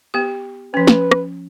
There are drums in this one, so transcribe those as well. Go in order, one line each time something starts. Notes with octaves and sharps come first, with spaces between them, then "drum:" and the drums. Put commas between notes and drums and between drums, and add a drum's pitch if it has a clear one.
B3 G4
F3 C#4 B4
drum: snare
drum: rim click